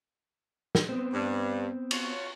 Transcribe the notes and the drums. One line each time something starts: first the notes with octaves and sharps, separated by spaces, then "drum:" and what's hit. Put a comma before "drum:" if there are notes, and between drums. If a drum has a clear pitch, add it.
drum: snare
B3 C4
G2
F4 F#4 C#5, drum: cymbal